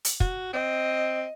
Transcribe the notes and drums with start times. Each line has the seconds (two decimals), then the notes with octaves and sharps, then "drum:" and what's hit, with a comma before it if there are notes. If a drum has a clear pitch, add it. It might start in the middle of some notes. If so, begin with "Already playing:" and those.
0.05 drum: hi-hat
0.20 F#4, drum: kick
0.53 C4 D#5